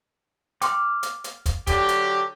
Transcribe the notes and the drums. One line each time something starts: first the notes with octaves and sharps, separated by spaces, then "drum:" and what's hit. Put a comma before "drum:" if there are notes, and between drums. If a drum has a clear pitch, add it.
G5 C6 D6 F6, drum: hi-hat
drum: hi-hat
drum: hi-hat
drum: kick, hi-hat
D3 F#3 G4, drum: kick, hi-hat
drum: hi-hat